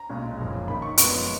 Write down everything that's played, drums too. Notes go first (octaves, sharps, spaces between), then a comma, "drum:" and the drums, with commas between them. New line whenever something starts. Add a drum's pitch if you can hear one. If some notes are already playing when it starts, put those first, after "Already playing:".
Already playing: A#5
B1 A#2 G#3 C#4
F#1 F#2 F3
F#2 D#3 A#3 D#4 B5
C#6
F#2 F3 G#3 B3 C#6, drum: hi-hat